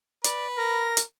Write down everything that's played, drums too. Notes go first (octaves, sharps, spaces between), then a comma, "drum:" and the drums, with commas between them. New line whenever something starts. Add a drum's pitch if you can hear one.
B4 D5, drum: hi-hat
A#4 A#6
drum: hi-hat